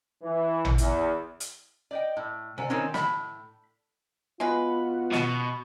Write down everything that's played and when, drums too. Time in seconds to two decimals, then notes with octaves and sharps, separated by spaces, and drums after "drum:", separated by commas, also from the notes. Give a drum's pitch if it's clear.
0.23 E3
0.65 drum: tom A1
0.78 E2, drum: hi-hat
1.40 drum: hi-hat
1.91 D5 D#5 G5
2.17 A2
2.58 C3 D5 F#5 G#5
2.70 D#3 C4 C#4
2.94 A2 B5, drum: snare
4.40 G#3 B3 F4 F#4 B4
5.12 B2, drum: snare